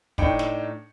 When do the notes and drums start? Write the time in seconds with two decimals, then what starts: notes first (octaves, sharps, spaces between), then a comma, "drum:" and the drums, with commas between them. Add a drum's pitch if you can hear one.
0.18 A2 D4 D#4 G5 C#7, drum: kick
0.39 drum: snare